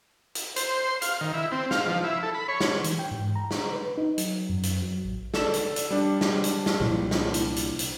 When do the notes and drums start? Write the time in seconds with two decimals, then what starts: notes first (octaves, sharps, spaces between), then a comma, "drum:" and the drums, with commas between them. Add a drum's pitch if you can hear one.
0.35 drum: hi-hat
0.56 C5, drum: hi-hat
0.89 C6
1.02 F5, drum: hi-hat
1.21 D#3
1.33 E4
1.52 C4
1.71 F5, drum: snare
1.88 F3
2.04 E4
2.23 A4
2.34 B5
2.48 C#5
2.61 drum: snare
2.84 E3, drum: hi-hat
2.99 G5
3.11 G#2
3.36 A#5
3.51 drum: snare
3.73 B4
3.98 D#4
4.18 F#3, drum: hi-hat
4.49 F#2
4.63 drum: hi-hat
4.82 F#3
5.04 A1
5.34 A4 D5 E7, drum: snare
5.54 drum: hi-hat
5.76 drum: hi-hat
5.91 G3 D4
6.21 drum: snare
6.44 drum: hi-hat
6.66 drum: snare
6.80 C2 A#2 F3 E4
7.11 drum: snare
7.34 drum: hi-hat
7.56 drum: hi-hat
7.79 drum: hi-hat